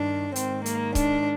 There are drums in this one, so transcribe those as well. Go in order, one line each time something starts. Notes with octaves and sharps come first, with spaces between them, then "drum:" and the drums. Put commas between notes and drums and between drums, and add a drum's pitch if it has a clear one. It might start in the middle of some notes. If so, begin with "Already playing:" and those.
Already playing: G2 D#3 D4
G#2 D#3 C4, drum: hi-hat
A#3, drum: hi-hat
D4, drum: kick C#1, hi-hat